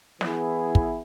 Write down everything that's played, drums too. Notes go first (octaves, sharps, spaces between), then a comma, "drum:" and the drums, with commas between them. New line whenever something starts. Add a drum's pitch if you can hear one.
E3 B3 E4 G#4, drum: snare
drum: kick